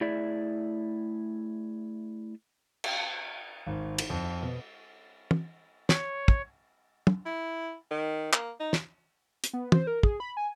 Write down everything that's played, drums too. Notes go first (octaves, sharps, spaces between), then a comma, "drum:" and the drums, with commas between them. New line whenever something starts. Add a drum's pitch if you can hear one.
A3 E4 G#4 D5 E5
drum: cymbal
G#1
drum: cymbal
F2
B2
drum: tom
C#5, drum: snare
drum: kick
drum: tom
E4
D#3
A#3, drum: clap
D#4
drum: snare
drum: hi-hat
B3
C5, drum: tom
A#4
G#4, drum: kick
B5
G#5